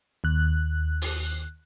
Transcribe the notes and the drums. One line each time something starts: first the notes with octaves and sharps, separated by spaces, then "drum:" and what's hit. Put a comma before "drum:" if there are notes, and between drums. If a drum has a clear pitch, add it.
D#2 F#6
drum: open hi-hat